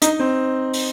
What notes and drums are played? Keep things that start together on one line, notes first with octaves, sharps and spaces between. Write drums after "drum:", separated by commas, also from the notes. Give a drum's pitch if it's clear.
D#4, drum: hi-hat
C4
drum: open hi-hat